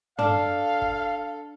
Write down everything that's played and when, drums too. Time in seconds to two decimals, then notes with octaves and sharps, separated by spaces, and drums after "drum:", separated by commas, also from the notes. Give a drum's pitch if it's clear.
0.19 D4 A4 F5, drum: tom
0.82 drum: kick G1